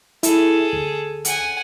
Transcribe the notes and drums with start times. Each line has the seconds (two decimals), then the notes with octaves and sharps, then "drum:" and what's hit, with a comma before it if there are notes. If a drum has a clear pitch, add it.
0.23 E4 G#4 A4, drum: hi-hat
0.73 D2
1.25 F#5 G#5, drum: hi-hat